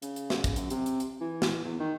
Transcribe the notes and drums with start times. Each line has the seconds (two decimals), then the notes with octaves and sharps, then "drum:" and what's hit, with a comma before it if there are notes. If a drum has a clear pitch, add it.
0.02 C#3, drum: hi-hat
0.16 drum: hi-hat
0.30 drum: snare
0.44 drum: kick, hi-hat
0.56 F#2, drum: hi-hat
0.70 C3, drum: hi-hat
0.86 drum: hi-hat
1.00 drum: hi-hat
1.21 E3
1.42 drum: snare
1.65 E2
1.80 D#3